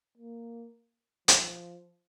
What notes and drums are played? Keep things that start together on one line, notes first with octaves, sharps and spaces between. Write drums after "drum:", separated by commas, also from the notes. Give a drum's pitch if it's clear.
A#3
F3, drum: hi-hat